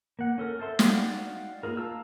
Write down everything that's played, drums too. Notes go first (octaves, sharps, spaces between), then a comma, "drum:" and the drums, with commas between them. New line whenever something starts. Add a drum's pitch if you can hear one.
A#3 F#5
C#4 A4 A#4
A4 C5 E5 C6
D#4 F#4 D5 F5 G5, drum: snare
A#3 C4 F4 G#4 A#4
F5 A5 A#5 E6